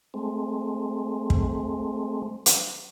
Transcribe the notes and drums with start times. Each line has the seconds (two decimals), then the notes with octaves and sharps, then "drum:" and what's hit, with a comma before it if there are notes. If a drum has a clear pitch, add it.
0.14 G#3 A3 C4
1.30 drum: kick
2.46 drum: hi-hat